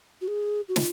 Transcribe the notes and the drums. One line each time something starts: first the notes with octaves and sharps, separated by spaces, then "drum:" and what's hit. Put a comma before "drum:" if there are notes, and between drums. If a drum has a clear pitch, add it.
F#4
G#4
F#4
F4, drum: snare